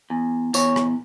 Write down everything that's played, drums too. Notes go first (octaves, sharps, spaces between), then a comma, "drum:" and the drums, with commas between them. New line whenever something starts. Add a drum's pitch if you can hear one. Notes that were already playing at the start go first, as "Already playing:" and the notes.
E2
E2 C#5, drum: tambourine
drum: rim click